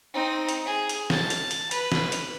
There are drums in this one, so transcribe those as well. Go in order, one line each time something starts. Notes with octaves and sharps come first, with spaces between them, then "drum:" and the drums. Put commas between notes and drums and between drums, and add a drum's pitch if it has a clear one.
C4 D#4
drum: hi-hat
G#4
drum: hi-hat
A5, drum: snare
drum: hi-hat
drum: hi-hat
B4, drum: hi-hat
drum: snare
drum: hi-hat